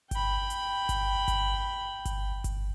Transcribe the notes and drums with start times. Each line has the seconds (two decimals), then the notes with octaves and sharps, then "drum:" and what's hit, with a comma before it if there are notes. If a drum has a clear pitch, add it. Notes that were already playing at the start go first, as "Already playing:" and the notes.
0.11 G5 B5, drum: kick G1, hi-hat
0.50 drum: hi-hat
0.89 drum: kick G1, hi-hat
1.28 drum: kick G1, hi-hat
2.05 drum: kick G1, hi-hat
2.44 drum: kick G1, hi-hat